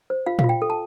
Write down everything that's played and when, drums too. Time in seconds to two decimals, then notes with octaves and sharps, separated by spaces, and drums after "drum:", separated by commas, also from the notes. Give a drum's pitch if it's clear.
0.10 C5
0.26 F4 F5
0.39 F5, drum: tom A#2
0.44 F4
0.49 G5
0.62 A4
0.70 A5